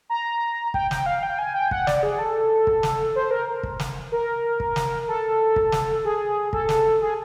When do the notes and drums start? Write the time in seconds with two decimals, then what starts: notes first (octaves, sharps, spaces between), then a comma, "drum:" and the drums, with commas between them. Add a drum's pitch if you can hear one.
0.10 A#5
0.74 G5, drum: kick
0.91 G5, drum: snare
1.06 F5
1.23 G5
1.38 G#5
1.54 G5
1.71 F#5, drum: kick
1.87 D5, drum: snare
2.03 G#4
2.19 A4
2.67 drum: kick
2.83 drum: snare
3.15 C5
3.31 A#4
3.63 drum: kick
3.79 drum: snare
4.12 A#4
4.60 drum: kick
4.76 drum: snare
5.08 A4
5.56 drum: kick
5.72 drum: snare
6.05 G#4
6.53 A4, drum: kick
6.69 drum: snare
7.01 G#4